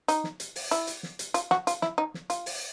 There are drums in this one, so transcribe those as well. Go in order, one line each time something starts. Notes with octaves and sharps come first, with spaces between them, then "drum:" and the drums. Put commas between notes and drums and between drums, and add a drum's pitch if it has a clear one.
D#4, drum: hi-hat
drum: snare
drum: hi-hat
drum: open hi-hat
E4, drum: hi-hat
drum: hi-hat
drum: snare
drum: hi-hat
F4, drum: hi-hat
F#4, drum: snare
F4, drum: hi-hat
E4, drum: snare
D#4
drum: snare
F4, drum: hi-hat
drum: open hi-hat